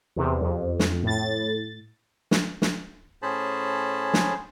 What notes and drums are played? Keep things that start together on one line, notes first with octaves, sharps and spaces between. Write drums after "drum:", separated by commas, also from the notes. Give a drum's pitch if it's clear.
E2 C3
F2
drum: snare
A2 A6
drum: snare
drum: snare
A2 C#4 G#4 C5 A5 B5
drum: snare